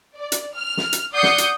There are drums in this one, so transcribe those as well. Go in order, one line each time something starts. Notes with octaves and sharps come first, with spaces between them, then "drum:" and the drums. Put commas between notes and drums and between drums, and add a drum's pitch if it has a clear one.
D5
drum: hi-hat
F6
drum: snare
drum: hi-hat
D5 F#5 D#6 G6 C7 C#7
drum: snare
drum: hi-hat